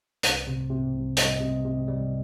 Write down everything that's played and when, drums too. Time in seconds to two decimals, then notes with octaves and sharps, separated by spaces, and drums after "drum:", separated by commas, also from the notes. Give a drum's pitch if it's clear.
0.23 C2, drum: hi-hat
0.47 C3
0.70 C3
0.93 C2
1.17 G3 D#5, drum: hi-hat
1.40 C3
1.64 C3
1.88 G3